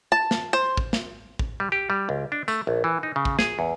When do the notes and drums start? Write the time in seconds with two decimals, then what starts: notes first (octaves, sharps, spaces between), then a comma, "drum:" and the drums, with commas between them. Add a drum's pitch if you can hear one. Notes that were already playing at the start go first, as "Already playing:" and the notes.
0.12 A5
0.31 drum: snare
0.53 C5
0.77 drum: kick
0.93 drum: snare
1.39 drum: kick
1.60 G3
1.72 G4
1.90 G3
2.09 C#2
2.32 D4
2.48 A3, drum: tambourine
2.67 A#1
2.84 E3
3.03 D#4
3.16 C#3
3.25 drum: kick
3.39 G#4, drum: snare
3.59 E2